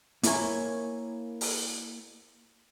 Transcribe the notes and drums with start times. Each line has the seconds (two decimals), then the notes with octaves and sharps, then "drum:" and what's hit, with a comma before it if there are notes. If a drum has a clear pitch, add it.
0.23 A#3 E4 A#4 C#5 G#5, drum: hi-hat
1.41 drum: open hi-hat